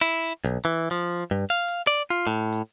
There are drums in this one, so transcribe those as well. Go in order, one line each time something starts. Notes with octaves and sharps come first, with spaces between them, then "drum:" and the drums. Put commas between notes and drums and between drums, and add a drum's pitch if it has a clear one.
E4
B1, drum: hi-hat
E3
F3
G2
F5, drum: hi-hat
drum: hi-hat
D5, drum: hi-hat
F4, drum: hi-hat
A2
drum: hi-hat